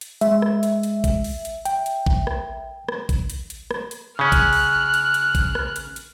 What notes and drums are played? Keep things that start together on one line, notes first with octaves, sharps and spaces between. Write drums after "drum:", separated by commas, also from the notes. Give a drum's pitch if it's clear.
drum: hi-hat
G#3 E5, drum: hi-hat
drum: rim click
drum: hi-hat
drum: hi-hat
drum: kick A1, hi-hat
drum: open hi-hat
drum: hi-hat
G5, drum: hi-hat
drum: hi-hat
drum: kick A1
drum: rim click
drum: rim click
drum: kick A1, hi-hat
drum: hi-hat
drum: hi-hat
drum: rim click
drum: hi-hat
C#3 C#4 F6 F#6
drum: kick A1, hi-hat
drum: open hi-hat
drum: hi-hat
drum: hi-hat
drum: kick A1, hi-hat
drum: rim click
drum: hi-hat
drum: hi-hat